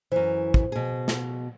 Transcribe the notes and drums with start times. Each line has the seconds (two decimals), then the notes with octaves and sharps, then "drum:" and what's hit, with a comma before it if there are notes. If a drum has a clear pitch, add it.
0.12 F#2 E3 C5
0.54 drum: kick
0.72 B2 G#4
1.08 drum: snare